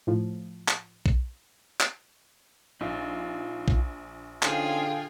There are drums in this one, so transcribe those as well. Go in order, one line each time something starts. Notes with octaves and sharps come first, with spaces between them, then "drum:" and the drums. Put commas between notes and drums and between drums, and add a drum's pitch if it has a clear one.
A2 F3
drum: clap
drum: kick B1
drum: clap
A#1 D#4 F4
drum: kick B1
D3 C#4 D#4 F4 G#4 C5 F5 G5, drum: clap